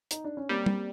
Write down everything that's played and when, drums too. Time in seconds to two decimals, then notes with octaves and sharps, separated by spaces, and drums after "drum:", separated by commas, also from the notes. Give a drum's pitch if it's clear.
0.11 D#4, drum: hi-hat
0.24 D4
0.37 C#4
0.49 G3 A#3 C4
0.66 drum: tom